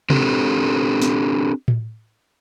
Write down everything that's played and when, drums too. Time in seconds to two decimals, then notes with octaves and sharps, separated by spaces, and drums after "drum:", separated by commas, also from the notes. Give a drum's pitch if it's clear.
0.10 C4 D4 G4 A4, drum: tom C3
1.02 drum: snare
1.68 drum: tom A2